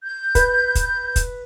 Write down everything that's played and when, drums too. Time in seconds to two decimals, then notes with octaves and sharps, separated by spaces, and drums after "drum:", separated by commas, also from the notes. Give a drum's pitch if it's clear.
0.03 G6
0.35 B4, drum: kick, hi-hat
0.75 drum: kick, hi-hat
1.16 drum: kick, hi-hat